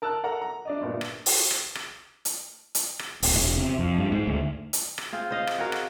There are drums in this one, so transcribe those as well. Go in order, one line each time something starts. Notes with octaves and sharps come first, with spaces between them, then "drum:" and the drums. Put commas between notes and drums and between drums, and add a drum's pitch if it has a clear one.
A#4 A5 E6 F#6
A4 A#4 F#5 A#5
A#5
D4 D5 D#5
G1 G2 A#2
drum: rim click
drum: open hi-hat
drum: rim click
drum: rim click
drum: hi-hat
drum: hi-hat
drum: rim click
D1, drum: open hi-hat
E1
C3
F2
G2
G#2
D2
drum: hi-hat
drum: rim click
C4 F4 G#4
C5 D#5 F5
drum: rim click
F#4 G#4 A#4 F5
drum: rim click